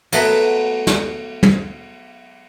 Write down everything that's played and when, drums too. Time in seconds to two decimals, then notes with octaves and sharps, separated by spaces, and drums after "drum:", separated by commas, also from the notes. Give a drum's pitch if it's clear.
0.12 F#3 A3 B3, drum: cymbal
0.87 drum: snare
1.43 drum: tom